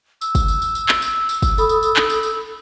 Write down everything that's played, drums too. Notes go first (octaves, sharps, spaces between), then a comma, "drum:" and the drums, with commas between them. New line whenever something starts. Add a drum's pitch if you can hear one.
E6, drum: tambourine
drum: kick, tambourine
drum: tambourine
drum: tambourine
drum: tambourine
drum: clap
drum: tambourine
drum: tambourine
drum: kick, tambourine
A4 B5 D#6, drum: tambourine
drum: tambourine
drum: tambourine
drum: clap
drum: tambourine
drum: tambourine